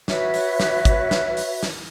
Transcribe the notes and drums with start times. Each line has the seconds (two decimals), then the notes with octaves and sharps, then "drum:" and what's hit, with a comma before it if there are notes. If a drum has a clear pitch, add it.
0.08 F#4 B4 C#5 E5, drum: snare
0.34 drum: open hi-hat
0.60 drum: snare
0.85 drum: kick G#1, hi-hat
1.11 drum: snare
1.37 drum: open hi-hat
1.63 drum: snare